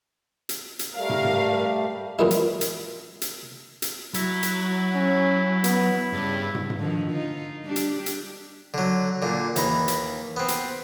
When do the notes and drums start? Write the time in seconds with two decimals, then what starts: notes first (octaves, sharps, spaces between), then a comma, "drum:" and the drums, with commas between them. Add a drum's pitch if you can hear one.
0.49 drum: hi-hat
0.79 drum: hi-hat
0.95 G3 A3 A#4 F5
1.09 drum: tom
1.25 drum: tom
2.19 F#2 A#2 E3 F3 G#3 E4
2.31 drum: hi-hat
2.61 drum: hi-hat
3.21 drum: hi-hat
3.82 drum: hi-hat
4.14 F#3 E4, drum: hi-hat
4.43 drum: hi-hat
4.95 C#4
5.64 B3, drum: hi-hat
6.13 G2 C#3
6.55 drum: tom
6.70 drum: tom
6.80 D3 D#3 F3
7.11 D#4 F4
7.63 G3 D4 G4
7.76 drum: hi-hat
8.06 drum: hi-hat
8.74 D3 F#3
9.22 A#2 D3
9.56 D#2 E3 A#5 B5, drum: hi-hat
9.88 drum: hi-hat
10.36 B3 C4
10.48 drum: hi-hat